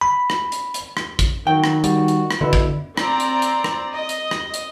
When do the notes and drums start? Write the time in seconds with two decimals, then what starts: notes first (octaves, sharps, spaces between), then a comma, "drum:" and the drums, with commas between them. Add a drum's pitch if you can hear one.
0.01 B5
0.30 drum: rim click
0.52 drum: hi-hat
0.74 drum: hi-hat
0.97 drum: rim click
1.19 drum: kick, hi-hat
1.47 D#3 F#3 G5
1.64 drum: rim click
1.84 G3 F#4, drum: hi-hat
2.08 drum: hi-hat
2.31 drum: rim click
2.41 B2 D3 E4
2.53 drum: kick
2.97 C4 D5 A#5, drum: rim click
3.20 drum: hi-hat
3.42 drum: hi-hat
3.64 drum: rim click
3.94 D#5
4.09 drum: hi-hat
4.31 drum: rim click
4.54 drum: hi-hat